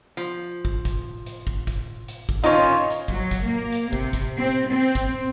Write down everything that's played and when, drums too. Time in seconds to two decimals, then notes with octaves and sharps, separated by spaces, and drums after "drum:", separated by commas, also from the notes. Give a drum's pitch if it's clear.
0.17 F3
0.65 drum: kick
0.85 drum: kick, hi-hat
1.26 drum: hi-hat
1.47 drum: kick
1.67 drum: kick, hi-hat
2.08 drum: hi-hat
2.29 drum: kick
2.43 D#3 C#4 D#4 F4 C#5
2.90 drum: hi-hat
3.08 F#3, drum: kick
3.31 drum: kick, hi-hat
3.44 A#3
3.72 drum: hi-hat
3.93 C3, drum: kick
4.13 drum: kick, hi-hat
4.38 C4
4.69 C4
4.95 drum: kick, hi-hat